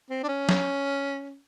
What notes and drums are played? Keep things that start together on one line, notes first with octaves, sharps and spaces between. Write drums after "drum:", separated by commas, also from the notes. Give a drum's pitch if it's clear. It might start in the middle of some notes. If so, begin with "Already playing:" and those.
C4
D4
C#4
drum: snare